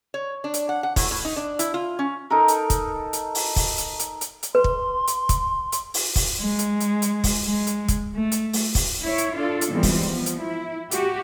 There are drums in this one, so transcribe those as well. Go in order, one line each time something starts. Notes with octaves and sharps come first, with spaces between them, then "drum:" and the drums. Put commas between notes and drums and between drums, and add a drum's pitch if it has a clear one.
C#5
D4
drum: hi-hat
F#5
F#5
A2, drum: kick, open hi-hat
A2
D#4
D4
E4, drum: hi-hat
F4
C#4
D#4 A4 A#4
drum: hi-hat
drum: kick, hi-hat
drum: hi-hat
drum: open hi-hat
drum: kick, open hi-hat
drum: hi-hat
drum: hi-hat
drum: hi-hat
drum: hi-hat
B4 C6
drum: kick
drum: hi-hat
drum: kick, hi-hat
drum: hi-hat
drum: open hi-hat
drum: kick, open hi-hat
G#3
drum: hi-hat
drum: hi-hat
drum: hi-hat
drum: kick, open hi-hat
G#3
drum: hi-hat
drum: kick, hi-hat
A3
drum: hi-hat
drum: open hi-hat
drum: kick, open hi-hat
E4 C#5
drum: hi-hat
D4 F4 A4
drum: hi-hat
E3 F3 G3 G#3 B3 C4
drum: kick, open hi-hat
F3 B3
drum: hi-hat
E4
F#4 G4, drum: hi-hat